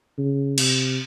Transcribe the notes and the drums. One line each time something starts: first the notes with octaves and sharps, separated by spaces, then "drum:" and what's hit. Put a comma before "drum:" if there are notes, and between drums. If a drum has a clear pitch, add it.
C#3
C3, drum: cymbal